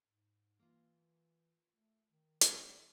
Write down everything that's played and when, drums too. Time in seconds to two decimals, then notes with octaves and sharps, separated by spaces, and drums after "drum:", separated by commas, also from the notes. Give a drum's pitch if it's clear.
0.07 G#2
0.59 E3 A#3 F4
1.71 A3
2.11 D#3
2.41 G3 A3, drum: hi-hat